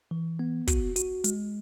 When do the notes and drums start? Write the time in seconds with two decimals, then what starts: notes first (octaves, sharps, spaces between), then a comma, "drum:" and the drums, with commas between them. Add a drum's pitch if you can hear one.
0.11 E3
0.39 B3
0.67 F#4, drum: kick, hi-hat
0.96 F#4, drum: hi-hat
1.24 G#3, drum: hi-hat